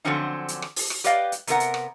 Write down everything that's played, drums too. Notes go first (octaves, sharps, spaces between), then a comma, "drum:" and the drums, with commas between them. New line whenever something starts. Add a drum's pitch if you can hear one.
D3 F3 F#3 C4 C#4 D#4
drum: hi-hat
drum: rim click
drum: open hi-hat
drum: rim click
G4 B4 D5 D#5 F5 G5, drum: hi-hat
drum: hi-hat
C3 B3 A#4 F#5, drum: hi-hat
drum: hi-hat
drum: rim click